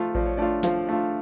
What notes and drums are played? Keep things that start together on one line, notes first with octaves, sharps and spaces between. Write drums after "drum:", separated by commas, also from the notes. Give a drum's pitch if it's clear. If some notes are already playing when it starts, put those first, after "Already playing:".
Already playing: F3 A3 F4
F3 D5, drum: kick A1
C#5
A3 D4 F4 D5
F3 F4 F5, drum: snare
A3 D4 F4 D5